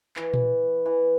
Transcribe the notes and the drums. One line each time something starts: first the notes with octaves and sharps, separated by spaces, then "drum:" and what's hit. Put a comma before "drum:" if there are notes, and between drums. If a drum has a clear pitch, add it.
E3, drum: clap
drum: tom A#2
E3